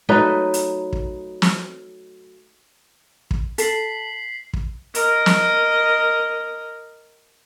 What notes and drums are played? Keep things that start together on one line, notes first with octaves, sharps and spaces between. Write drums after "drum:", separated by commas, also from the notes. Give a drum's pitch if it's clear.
F#3 A3 D#4 B4
drum: hi-hat
drum: kick
drum: snare
drum: kick
A4 B6 C7 F#7, drum: hi-hat
drum: kick
A#4 D#5, drum: hi-hat
drum: snare